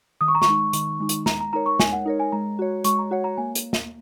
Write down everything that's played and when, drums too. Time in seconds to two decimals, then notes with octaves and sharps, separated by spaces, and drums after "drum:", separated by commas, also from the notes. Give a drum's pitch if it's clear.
0.21 D#3 D#6
0.28 C#6
0.35 A#5
0.42 C#6, drum: snare
0.48 G#3 D#4
0.73 D#3, drum: hi-hat
1.00 G#3 D#4
1.09 drum: hi-hat
1.26 G#3 A#5, drum: snare
1.40 A#5
1.53 D#4 A#4 C#5 A#5
1.66 C#6
1.80 G#3 G#5, drum: snare
1.93 F#5
2.05 D#4 A#4 C#5
2.20 G#5
2.32 G#3 A#5
2.59 F#4 C#5
2.84 G#3 C#6, drum: hi-hat
2.99 A#5
3.11 F#4 C#5 F#5
3.24 A#5
3.37 A#3 G#5
3.55 drum: hi-hat
3.73 drum: snare